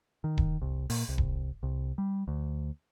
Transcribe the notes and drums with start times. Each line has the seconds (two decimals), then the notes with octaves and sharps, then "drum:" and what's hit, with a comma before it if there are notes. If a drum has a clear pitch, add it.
0.24 D#3
0.38 drum: kick D#1
0.62 C2
0.90 A#2, drum: open hi-hat
1.09 C2
1.18 drum: kick D#1
1.63 C2
1.98 G3
2.28 D2